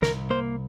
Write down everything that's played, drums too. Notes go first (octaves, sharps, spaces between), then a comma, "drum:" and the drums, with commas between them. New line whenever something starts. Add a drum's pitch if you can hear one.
C2 A#4, drum: snare
A#3 C5